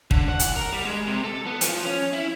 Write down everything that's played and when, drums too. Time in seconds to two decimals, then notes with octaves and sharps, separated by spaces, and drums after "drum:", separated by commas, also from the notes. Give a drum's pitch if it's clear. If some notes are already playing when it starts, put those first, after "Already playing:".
0.11 D3, drum: kick
0.29 F#5
0.39 drum: hi-hat
0.56 A#4
0.73 G3
0.85 G#3
1.07 C3
1.24 A4
1.47 B3
1.61 F3, drum: hi-hat
1.85 C#4
2.13 E4